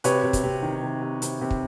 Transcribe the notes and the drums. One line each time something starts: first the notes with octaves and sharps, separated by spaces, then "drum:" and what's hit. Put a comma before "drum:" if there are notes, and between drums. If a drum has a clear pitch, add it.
C3 B4 C#5, drum: hi-hat
C3
drum: kick, hi-hat
C3
D#3
C3
C3
C3, drum: hi-hat
C3
drum: kick